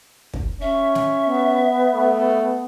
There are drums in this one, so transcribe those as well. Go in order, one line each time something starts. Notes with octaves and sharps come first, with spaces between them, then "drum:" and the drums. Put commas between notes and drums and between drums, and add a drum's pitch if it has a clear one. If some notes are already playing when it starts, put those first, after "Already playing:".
drum: kick
C#4 E5
drum: snare
B3
A3